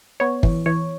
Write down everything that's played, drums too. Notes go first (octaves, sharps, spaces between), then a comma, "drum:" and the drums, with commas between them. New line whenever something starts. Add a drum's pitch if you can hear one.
B3 C#5
E3, drum: kick
E3 C#5